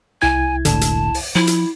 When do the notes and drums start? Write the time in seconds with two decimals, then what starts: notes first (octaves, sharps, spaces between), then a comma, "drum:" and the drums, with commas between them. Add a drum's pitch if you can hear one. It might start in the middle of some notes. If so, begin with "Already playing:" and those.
0.22 C2 E4 G#5 G#6
0.65 E1 A2 D3 A5, drum: hi-hat
0.81 drum: hi-hat
1.14 drum: open hi-hat
1.35 F3 E4
1.47 drum: hi-hat